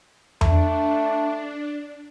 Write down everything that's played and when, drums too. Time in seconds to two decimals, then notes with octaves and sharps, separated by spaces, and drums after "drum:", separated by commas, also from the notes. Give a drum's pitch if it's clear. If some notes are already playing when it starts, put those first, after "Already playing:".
0.41 A3 D4, drum: tom E2